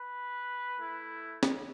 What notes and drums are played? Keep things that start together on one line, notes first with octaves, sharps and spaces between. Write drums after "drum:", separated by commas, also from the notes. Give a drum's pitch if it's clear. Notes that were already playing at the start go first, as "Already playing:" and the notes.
Already playing: B4
A3 E4
drum: snare